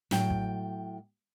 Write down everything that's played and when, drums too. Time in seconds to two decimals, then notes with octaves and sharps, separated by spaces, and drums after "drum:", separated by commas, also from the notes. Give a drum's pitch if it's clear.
0.11 A2 F#3 G5, drum: snare
0.30 drum: kick